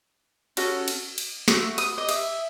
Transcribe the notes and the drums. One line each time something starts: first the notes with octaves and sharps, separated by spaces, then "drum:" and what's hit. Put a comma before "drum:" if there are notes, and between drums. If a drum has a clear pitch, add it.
C#4 F#4 A4, drum: cymbal
drum: cymbal
drum: cymbal
A3 C4 F#4 E6, drum: snare
D#6, drum: cymbal
D#5
E5, drum: cymbal